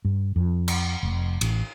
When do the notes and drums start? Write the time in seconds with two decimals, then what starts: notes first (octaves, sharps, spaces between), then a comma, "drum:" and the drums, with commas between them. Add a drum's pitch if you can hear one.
0.05 G2
0.36 F2
0.68 drum: cymbal
1.03 F1
1.41 A1, drum: cymbal